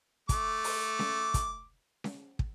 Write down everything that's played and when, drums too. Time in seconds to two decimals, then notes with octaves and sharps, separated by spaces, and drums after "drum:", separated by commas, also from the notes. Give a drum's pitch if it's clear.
0.29 A3 D6, drum: kick, hi-hat
0.64 drum: open hi-hat
0.99 drum: snare C#4
1.34 drum: kick, hi-hat
2.04 drum: snare C#4
2.39 drum: kick